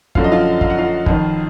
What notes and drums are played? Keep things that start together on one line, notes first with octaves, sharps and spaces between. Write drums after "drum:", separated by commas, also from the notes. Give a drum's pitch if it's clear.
F#2 D3 F3 F5, drum: kick
D#5
F4 F5
F5, drum: kick
F#5
F4 F5
F2 D#3, drum: kick